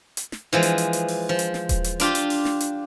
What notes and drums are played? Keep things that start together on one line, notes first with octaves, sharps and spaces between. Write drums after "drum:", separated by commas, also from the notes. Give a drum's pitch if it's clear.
drum: hi-hat
drum: snare
E3 F3 G#3
drum: hi-hat
drum: hi-hat
drum: hi-hat
drum: open hi-hat
F3
drum: hi-hat
drum: snare
drum: kick D#1, hi-hat
drum: hi-hat
D4 F4 G4, drum: hi-hat
drum: hi-hat
drum: open hi-hat
drum: snare
drum: hi-hat